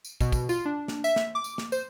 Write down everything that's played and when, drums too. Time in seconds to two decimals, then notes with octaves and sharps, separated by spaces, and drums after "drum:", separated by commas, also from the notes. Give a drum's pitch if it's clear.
0.05 drum: tambourine
0.21 B2, drum: kick, tambourine
0.32 drum: kick, tambourine
0.49 F4, drum: tambourine
0.65 D4
0.88 drum: snare
1.04 E5, drum: tambourine
1.16 drum: snare
1.35 D6
1.44 drum: tambourine
1.58 drum: snare
1.72 C5, drum: tambourine